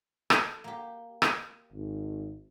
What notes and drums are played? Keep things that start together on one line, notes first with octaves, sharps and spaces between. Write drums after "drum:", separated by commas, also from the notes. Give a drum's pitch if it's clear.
A4, drum: rim click
A#3 G4
drum: rim click
G#1